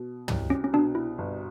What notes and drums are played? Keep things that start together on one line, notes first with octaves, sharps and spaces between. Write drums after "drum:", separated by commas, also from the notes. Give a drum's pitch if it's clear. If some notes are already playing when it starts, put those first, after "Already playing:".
Already playing: B2
C2, drum: tom
C#4
C#4
B2 D4
E4
G1